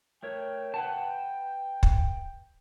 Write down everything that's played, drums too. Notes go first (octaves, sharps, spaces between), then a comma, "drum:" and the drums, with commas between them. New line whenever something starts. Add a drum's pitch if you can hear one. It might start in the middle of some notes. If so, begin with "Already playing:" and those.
A3 A#4 C#5 G5
B4 F#5 A5
drum: kick